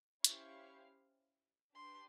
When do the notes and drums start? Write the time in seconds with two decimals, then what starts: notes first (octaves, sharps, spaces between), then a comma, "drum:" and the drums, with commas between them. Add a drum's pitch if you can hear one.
0.24 C#4 E4 G4 C5 F5 C#6, drum: hi-hat
1.74 D4 G4 B4 C6